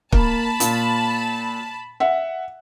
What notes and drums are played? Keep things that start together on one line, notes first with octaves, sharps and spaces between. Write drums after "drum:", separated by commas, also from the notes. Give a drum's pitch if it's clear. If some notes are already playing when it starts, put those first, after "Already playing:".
A#3 A5 B5, drum: kick
A#2, drum: hi-hat
E5 F#5